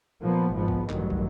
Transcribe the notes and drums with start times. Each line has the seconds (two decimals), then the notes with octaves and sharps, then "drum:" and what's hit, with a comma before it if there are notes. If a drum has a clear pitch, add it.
0.22 A#2 F3 A#3 B3
0.54 G#1 G#2 F3 B3
0.68 drum: kick
0.89 A1 G2 D#3 F#3, drum: clap
1.10 drum: kick